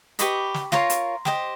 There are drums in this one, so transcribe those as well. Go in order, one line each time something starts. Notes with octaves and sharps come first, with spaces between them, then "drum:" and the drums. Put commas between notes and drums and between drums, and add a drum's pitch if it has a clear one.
G4 B4 D#5 B5 C#6, drum: hi-hat
drum: snare
F4 A#4 C#5 A#5 C6, drum: snare
drum: hi-hat
G4 C5 D#5, drum: snare